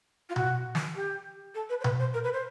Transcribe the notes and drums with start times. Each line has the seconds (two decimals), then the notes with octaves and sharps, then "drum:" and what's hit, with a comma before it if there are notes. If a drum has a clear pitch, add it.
0.29 F4
0.36 F#4, drum: tom B2
0.75 drum: snare
0.96 G4
1.55 A4
1.69 B4
1.81 C5
1.84 B4, drum: tom B2
1.99 C5
2.14 A#4
2.24 B4
2.33 C5